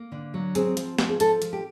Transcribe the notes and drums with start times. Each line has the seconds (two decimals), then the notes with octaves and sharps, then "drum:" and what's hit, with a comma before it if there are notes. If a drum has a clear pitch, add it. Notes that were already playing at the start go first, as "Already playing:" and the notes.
Already playing: A#3
0.12 D3
0.34 F#3
0.55 C4 G#4, drum: hi-hat
0.77 F3, drum: hi-hat
0.99 F3, drum: snare
1.09 G#4
1.20 F3 A4, drum: hi-hat
1.42 F3, drum: hi-hat
1.53 G4